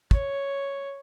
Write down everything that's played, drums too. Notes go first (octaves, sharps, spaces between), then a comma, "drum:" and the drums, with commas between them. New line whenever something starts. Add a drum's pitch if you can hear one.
C#5, drum: kick